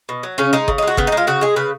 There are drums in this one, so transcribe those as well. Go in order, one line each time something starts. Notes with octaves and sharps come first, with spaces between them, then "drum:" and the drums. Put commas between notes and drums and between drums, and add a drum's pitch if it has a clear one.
B2
F#3
C#3 C#4
G#3 D#4
C#3, drum: kick G1
D#4
G#3 F#4
C#3 B3, drum: kick G1
D#4
G#3
F4
C#3 F#4
G#3 G#4
C#3 B4